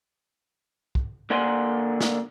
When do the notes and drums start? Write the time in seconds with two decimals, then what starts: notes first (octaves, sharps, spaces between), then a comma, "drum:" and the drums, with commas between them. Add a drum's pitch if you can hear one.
0.95 drum: kick
1.30 D3 A#3 D5 F#5 G#5 C6
2.01 drum: snare